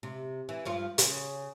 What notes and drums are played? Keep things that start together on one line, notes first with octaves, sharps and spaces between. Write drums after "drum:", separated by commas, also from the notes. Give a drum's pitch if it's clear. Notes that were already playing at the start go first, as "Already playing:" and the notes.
C3
E3
G2 F3 F4
C#3, drum: hi-hat